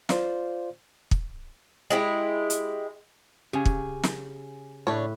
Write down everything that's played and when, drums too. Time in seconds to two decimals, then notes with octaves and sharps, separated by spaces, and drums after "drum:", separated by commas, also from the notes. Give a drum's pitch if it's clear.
0.09 F4 C5 D5 F5, drum: snare
1.11 drum: kick
1.90 G#3 E4 G4
2.50 drum: hi-hat
3.53 C#3 G4 G#5
3.65 drum: kick
4.03 drum: snare
4.87 A2 D4 B4 C#5